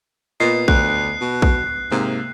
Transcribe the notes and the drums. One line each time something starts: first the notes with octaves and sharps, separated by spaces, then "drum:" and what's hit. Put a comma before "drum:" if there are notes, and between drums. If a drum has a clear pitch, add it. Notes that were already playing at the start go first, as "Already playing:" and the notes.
A#2 B3 D#5 C7
D2 F#6, drum: kick
B2
drum: kick
G#2 C3 A#3